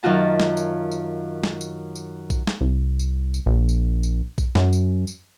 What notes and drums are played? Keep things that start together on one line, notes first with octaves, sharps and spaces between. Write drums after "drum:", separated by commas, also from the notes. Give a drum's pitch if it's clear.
F#2 D#3 F4 F#4 A5
drum: snare
drum: tambourine
drum: tambourine
drum: snare
drum: tambourine
drum: tambourine
drum: kick A#1, tambourine
drum: snare
C2
drum: tambourine
drum: tambourine
A#1
drum: tambourine
drum: tambourine
drum: kick A#1, tambourine
F#2, drum: snare
drum: tambourine
drum: tambourine